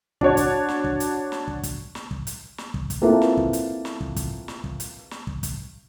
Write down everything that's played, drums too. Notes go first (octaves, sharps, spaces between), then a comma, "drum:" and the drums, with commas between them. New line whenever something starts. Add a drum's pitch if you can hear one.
D4 F#4 C#5, drum: kick
drum: kick, hi-hat
drum: snare
drum: kick
drum: hi-hat
drum: snare
drum: kick
drum: kick, hi-hat
drum: snare
drum: kick
drum: hi-hat
drum: snare
drum: kick
drum: kick, hi-hat
A#3 C4 E4 F4 A4 B4
drum: snare
drum: kick
drum: hi-hat
drum: snare
drum: kick
drum: kick, hi-hat
drum: snare
drum: kick
drum: hi-hat
drum: snare
drum: kick
drum: kick, hi-hat